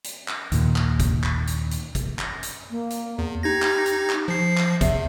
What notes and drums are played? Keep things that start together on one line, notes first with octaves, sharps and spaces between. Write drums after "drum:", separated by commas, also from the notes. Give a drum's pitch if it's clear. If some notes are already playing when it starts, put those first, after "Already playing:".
drum: hi-hat
drum: clap
D#2 A#2 D#3, drum: hi-hat
drum: clap
drum: kick, hi-hat
drum: clap
drum: hi-hat
drum: hi-hat
drum: kick, hi-hat
drum: clap
drum: hi-hat
A#3
drum: hi-hat
E2
D#4 G4 G#6 A#6
drum: clap
drum: hi-hat
drum: clap
F3 C7
drum: clap
E2 E5, drum: kick, hi-hat